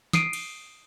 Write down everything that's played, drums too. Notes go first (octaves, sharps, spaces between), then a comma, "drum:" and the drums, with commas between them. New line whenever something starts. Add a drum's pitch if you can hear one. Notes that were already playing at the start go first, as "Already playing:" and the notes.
D#6 C7 D7 D#7, drum: snare
drum: cymbal